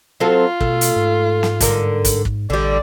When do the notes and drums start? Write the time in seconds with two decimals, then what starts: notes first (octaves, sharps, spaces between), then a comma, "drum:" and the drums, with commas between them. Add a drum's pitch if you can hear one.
0.20 F#3 C4 F4 A4
0.61 B2 A3, drum: kick
0.81 drum: hi-hat
0.96 G#2
1.43 drum: snare
1.60 G2 D3 A#4, drum: kick, hi-hat
2.05 drum: kick, hi-hat
2.25 drum: kick
2.50 A1 D3 G3 D5